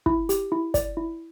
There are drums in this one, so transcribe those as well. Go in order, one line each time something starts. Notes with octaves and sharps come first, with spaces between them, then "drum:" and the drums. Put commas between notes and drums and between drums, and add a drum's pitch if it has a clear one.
E4, drum: kick
G4, drum: hi-hat
E4
D5, drum: kick, hi-hat
E4